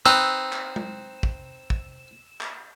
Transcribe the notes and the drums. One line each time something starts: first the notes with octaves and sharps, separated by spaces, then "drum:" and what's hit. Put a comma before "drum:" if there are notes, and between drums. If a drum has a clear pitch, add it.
C4 D#4 B4 E6
drum: clap
drum: tom G#3
drum: kick
drum: kick
drum: clap